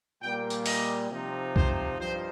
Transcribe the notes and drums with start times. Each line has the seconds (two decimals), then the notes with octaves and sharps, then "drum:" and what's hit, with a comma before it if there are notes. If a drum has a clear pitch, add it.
0.21 A#2 G3 A#3 G5
0.50 drum: tambourine
0.66 D#5, drum: open hi-hat
1.11 C3 F3 D#4
1.56 C5, drum: kick C2
2.00 G2 F3 D#4 C5